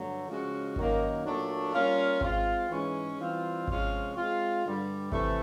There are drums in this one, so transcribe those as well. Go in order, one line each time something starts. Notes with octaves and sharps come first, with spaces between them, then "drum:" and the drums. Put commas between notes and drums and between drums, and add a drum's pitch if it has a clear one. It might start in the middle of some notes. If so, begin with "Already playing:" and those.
Already playing: G2 D3 F#3 A3
C#3 F3 G#3 C#4 F#4
F#2 D#3 F#3 A#3 D#4, drum: kick G#1
A#2 F#3 A3 D4
G3 A#3 C#4 F4
G#3 C4 F4, drum: kick G#1
G#2 E3 G#3 C#4
E3 G3 C4 F4
C3 F3 G#3 C#4 F4, drum: kick G#1
G#3 C4 F4
G2 D3 G3
C3 E3 A3, drum: kick G#1